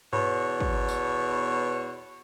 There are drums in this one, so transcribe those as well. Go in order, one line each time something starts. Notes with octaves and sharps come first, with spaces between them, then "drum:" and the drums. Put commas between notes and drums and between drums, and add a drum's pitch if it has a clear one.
E2 B2 C#5, drum: tom G2
drum: kick
drum: tambourine